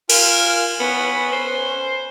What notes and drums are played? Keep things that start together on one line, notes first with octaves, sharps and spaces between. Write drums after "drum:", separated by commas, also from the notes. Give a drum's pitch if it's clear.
F4 A#4 G#5, drum: cymbal
B3 C#4 B4
C5